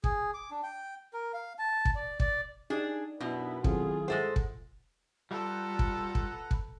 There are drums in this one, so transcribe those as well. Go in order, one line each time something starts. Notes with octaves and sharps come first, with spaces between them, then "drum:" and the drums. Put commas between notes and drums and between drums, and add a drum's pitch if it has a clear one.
G#4, drum: kick
D6
D4
G5
A#4
F5
A5
drum: kick
D5
D5, drum: kick
D4 D#4 G4 G#4 D5
F#2 B2 B3 D4 E4
D#3 F#3 C4 E4 F4 G#4 A4, drum: kick
G2 G#3 A4 C5 E5 F#5
drum: kick
G3 F4 A4 B4 F#5 A#5
drum: kick
drum: kick
drum: kick